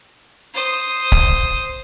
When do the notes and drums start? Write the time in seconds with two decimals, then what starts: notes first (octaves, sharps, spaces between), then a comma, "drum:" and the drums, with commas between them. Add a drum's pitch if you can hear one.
0.54 C5 D#6
1.12 drum: kick C#1